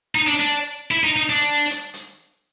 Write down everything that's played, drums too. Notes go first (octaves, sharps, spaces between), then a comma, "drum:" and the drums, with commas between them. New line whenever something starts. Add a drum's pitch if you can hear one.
D#4
D4
D4
E4
D#4
D#4
D4
drum: hi-hat
drum: hi-hat
drum: hi-hat